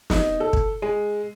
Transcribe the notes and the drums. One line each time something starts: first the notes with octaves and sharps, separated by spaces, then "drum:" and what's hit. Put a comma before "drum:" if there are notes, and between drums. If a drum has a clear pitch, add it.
D#4, drum: snare
A4
drum: kick
G#3